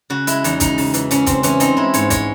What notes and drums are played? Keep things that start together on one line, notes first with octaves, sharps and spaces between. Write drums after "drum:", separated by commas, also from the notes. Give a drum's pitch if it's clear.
C#3 F#4
G#3 E4, drum: hi-hat
E2 D#4, drum: hi-hat
C#3 D#4, drum: kick, hi-hat
C#3, drum: open hi-hat
E3, drum: hi-hat
C#3 C#4, drum: hi-hat
C#3 C4, drum: kick, hi-hat
E3 C#4, drum: hi-hat
C4 D#4, drum: hi-hat
G#3 E4
G#2 C#5, drum: hi-hat
G#3 C#5, drum: kick, hi-hat